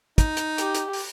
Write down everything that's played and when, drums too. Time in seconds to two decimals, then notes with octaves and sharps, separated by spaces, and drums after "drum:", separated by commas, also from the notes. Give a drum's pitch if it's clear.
0.18 D#4, drum: kick, hi-hat
0.37 drum: hi-hat
0.58 G4, drum: hi-hat
0.75 drum: hi-hat
0.93 drum: open hi-hat